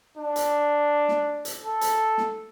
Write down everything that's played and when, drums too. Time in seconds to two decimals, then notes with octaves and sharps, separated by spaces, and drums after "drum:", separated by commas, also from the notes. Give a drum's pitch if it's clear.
0.17 D4
0.36 drum: hi-hat
1.08 drum: snare
1.45 drum: hi-hat
1.63 A4
1.81 drum: hi-hat
2.18 drum: snare